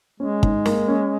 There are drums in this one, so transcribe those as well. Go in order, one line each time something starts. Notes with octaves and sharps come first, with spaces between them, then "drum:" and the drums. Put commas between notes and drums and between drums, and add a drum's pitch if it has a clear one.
G#3 C#4
G#2, drum: kick
A#3, drum: snare
C#4